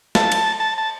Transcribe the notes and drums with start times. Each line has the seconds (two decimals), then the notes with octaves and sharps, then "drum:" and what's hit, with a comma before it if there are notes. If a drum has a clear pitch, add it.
0.15 A5, drum: snare
0.32 drum: cymbal
0.60 A5
0.78 A5